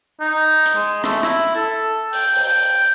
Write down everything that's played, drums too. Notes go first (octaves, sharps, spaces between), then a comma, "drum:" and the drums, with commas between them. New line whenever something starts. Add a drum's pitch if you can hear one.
D#4
drum: hi-hat
G#3
A3, drum: rim click
E4, drum: rim click
A4
G5, drum: open hi-hat
G5, drum: open hi-hat